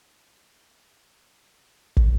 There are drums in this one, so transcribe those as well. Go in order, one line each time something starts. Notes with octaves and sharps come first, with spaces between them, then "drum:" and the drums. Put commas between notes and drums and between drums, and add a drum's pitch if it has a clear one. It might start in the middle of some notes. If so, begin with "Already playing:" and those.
Already playing: G4
F4
drum: kick